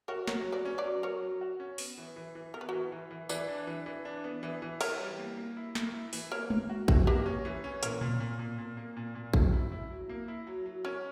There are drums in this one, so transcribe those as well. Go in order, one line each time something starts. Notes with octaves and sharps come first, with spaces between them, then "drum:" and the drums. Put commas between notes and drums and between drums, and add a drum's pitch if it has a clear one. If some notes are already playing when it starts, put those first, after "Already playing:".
F#4 A#4 C#5
F#3 A#4 C#5, drum: snare
F#3
B4 D5
C#4
B4 D5
F#3
F#3 A#4 C#5
F#3
F#4
C#4
B3, drum: open hi-hat
E3
E3
E3
B3 A#4
B4
E3 F#4 A#4
E3
E3
E3 B4 D5, drum: tambourine
D4
E3
E3
D4
B3
E3
E3
E4 A#4 C#5, drum: cymbal
G3
A#3
A#3
E4
A#3, drum: snare
E4
E3, drum: open hi-hat
A#3 A#4 C#5
A#3, drum: tom G#3
F#4
F#4, drum: kick A1
A#3 G4 B4
C#4
E3
C#4
A#2 A#4 C#5, drum: hi-hat
A#2, drum: tom A#2
A#2
A#2
A#2
A#3
A#2
A#2
F#3, drum: kick A1
E4
E4
F#3
A#3
E4
F#3
F#3
C#4 A#4 C#5